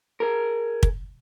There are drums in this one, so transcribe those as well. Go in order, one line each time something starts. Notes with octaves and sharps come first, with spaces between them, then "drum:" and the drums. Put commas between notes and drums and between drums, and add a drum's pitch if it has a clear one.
G#4 A#4
drum: kick